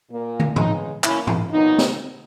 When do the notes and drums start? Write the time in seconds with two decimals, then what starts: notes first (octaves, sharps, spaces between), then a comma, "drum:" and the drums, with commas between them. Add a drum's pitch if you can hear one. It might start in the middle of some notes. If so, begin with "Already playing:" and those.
0.09 A#2 A#3
0.40 drum: tom
0.56 C#3 G#3 B3 D#4, drum: tom
1.04 B2 A#3 C#4 E4, drum: clap
1.27 drum: tom
1.51 A#2 F#3 B3 D#4
1.78 drum: snare